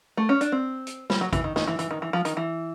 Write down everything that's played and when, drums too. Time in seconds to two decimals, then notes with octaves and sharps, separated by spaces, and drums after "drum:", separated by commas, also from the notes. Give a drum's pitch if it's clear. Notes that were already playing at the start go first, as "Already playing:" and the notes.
0.17 A3
0.29 C#4
0.41 D4, drum: hi-hat
0.52 C4
0.87 drum: hi-hat
1.10 G3, drum: snare
1.21 F#3
1.33 E3, drum: kick, hi-hat
1.44 D#3
1.56 D#3, drum: snare
1.68 E3
1.79 E3, drum: hi-hat
1.91 D#3
2.02 E3
2.13 F3
2.25 D#3, drum: hi-hat
2.37 E3